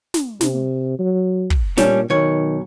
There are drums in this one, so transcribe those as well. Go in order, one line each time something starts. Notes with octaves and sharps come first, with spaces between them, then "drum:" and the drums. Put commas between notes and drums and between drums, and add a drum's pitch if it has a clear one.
drum: snare
C3, drum: snare
F#3
drum: kick
A#2 G3 C#4 D4, drum: snare
B1 D#3 C#5